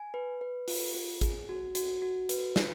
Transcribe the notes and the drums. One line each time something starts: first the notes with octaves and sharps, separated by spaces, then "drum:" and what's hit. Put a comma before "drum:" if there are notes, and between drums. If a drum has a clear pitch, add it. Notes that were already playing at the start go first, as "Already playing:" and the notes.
Already playing: G#5
B4
B4
F4, drum: open hi-hat
F4
G#4, drum: kick G#1, hi-hat
F#4
F#4, drum: hi-hat
F#4
B4, drum: hi-hat
F4, drum: snare